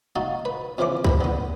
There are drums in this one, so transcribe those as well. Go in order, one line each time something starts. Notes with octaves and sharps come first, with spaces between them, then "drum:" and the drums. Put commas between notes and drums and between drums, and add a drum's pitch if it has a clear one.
D#4 F#4 F5 A5
B4
F2 C#3 E3 C5 D6
C4 B4 B5, drum: kick C2
D3 B3